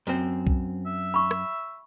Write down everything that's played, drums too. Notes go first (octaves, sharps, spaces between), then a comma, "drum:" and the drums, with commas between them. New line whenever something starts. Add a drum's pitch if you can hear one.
F#2 C4
drum: kick
E5
B5 C#6
drum: rim click